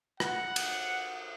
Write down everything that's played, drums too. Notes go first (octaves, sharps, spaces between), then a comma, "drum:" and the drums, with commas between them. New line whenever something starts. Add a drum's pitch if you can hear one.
F#5, drum: rim click
drum: cymbal